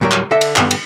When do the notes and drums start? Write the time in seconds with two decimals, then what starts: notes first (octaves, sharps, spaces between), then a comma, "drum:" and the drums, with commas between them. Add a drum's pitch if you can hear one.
0.01 D2 A2 F#3 G3 A#4
0.12 drum: clap
0.31 D3 A4 D#5 E5
0.41 drum: cymbal
0.56 C#2 G2 D3 D#3 B3, drum: clap
0.71 drum: cymbal